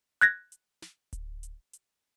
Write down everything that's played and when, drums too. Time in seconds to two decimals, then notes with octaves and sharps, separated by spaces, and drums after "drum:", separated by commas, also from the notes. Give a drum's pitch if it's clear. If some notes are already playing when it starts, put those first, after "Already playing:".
0.21 F#6 G#6 A#6, drum: hi-hat
0.52 drum: hi-hat
0.82 drum: snare
1.13 drum: kick D1, hi-hat
1.43 drum: hi-hat
1.73 drum: hi-hat